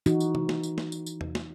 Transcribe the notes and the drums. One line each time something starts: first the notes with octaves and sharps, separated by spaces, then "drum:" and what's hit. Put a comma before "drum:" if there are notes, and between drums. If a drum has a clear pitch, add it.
E3 D#4 F#4, drum: tambourine
drum: tambourine
drum: tom C3
drum: snare
drum: tambourine
drum: snare
drum: tambourine
drum: tambourine
drum: tom E2
drum: snare